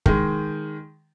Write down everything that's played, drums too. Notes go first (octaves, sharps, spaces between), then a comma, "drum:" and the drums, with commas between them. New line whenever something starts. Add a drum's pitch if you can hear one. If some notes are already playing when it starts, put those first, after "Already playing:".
D#3 G#3, drum: kick